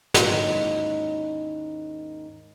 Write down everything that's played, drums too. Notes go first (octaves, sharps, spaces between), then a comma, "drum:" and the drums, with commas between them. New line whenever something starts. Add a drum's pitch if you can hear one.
D#2 G#2 C#4 D#4 E4 C#5, drum: snare